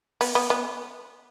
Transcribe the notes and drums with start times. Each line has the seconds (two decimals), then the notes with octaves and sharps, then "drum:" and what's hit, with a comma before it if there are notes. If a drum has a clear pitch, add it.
0.21 B3, drum: open hi-hat
0.35 B3
0.50 B3